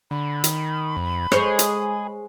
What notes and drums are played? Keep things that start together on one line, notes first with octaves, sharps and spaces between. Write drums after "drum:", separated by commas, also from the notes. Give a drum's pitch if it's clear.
D3 B5
D#3, drum: hi-hat
F2
G#3 G#4 C5 C#5, drum: rim click
drum: hi-hat